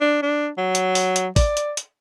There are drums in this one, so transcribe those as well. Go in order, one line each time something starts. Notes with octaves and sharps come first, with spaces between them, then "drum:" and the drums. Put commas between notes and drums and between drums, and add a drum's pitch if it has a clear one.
D4
D4
F#3
drum: hi-hat
drum: open hi-hat
drum: hi-hat
D5, drum: kick, open hi-hat
drum: hi-hat
drum: hi-hat